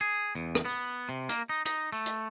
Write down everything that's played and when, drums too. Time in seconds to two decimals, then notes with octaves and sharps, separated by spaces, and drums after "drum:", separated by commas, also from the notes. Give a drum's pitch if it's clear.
0.01 G#4
0.35 E2
0.55 drum: rim click
0.65 B3
1.09 C3
1.29 A#3, drum: hi-hat
1.49 D#4
1.66 D#4, drum: hi-hat
1.92 A3
2.06 drum: hi-hat